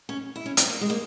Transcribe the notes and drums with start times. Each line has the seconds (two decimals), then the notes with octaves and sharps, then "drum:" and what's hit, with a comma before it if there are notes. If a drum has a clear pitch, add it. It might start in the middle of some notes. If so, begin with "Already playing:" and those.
0.09 C#4
0.36 E4
0.46 C#4
0.57 C4, drum: hi-hat
0.70 A#3
0.81 G#3
0.90 A#3